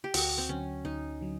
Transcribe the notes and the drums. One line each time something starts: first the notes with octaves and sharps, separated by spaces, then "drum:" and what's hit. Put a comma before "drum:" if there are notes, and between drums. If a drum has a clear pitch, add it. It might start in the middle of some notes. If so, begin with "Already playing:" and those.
G4
D2 F#4, drum: open hi-hat
C4
D3 F#3 C#4
D2 D#4
D3 F#3